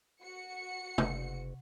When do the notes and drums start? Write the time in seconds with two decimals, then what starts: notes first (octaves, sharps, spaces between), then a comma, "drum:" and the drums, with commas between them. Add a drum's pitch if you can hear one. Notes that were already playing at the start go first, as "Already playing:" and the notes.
0.22 F#4 C#7
0.98 F#1, drum: tom